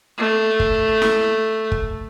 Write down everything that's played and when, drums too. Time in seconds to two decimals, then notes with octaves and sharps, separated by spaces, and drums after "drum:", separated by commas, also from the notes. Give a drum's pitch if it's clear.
0.18 A3
0.60 drum: kick
1.02 drum: snare E4
1.72 drum: kick